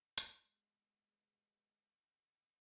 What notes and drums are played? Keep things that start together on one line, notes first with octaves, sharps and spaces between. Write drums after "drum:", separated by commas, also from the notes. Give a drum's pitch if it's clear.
B2 G#3, drum: hi-hat